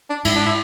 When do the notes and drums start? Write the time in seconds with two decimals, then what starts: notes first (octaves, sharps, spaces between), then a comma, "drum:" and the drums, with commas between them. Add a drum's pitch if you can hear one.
0.10 D4
0.25 G#2 E4, drum: cymbal
0.36 D4
0.46 E4